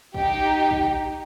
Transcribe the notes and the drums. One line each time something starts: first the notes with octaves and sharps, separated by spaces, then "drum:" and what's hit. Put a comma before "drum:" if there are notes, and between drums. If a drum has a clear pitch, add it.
D#4 G4, drum: kick
drum: kick